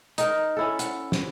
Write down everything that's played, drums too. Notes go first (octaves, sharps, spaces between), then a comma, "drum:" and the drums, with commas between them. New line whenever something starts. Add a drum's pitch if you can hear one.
D#4 A#4, drum: hi-hat
C#4 E4 A4
F#5, drum: hi-hat
drum: snare